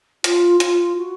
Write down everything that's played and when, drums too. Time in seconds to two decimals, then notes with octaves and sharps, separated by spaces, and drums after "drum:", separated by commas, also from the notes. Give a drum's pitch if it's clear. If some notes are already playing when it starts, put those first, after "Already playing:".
0.24 F4, drum: hi-hat
0.60 F4, drum: hi-hat
0.96 F#4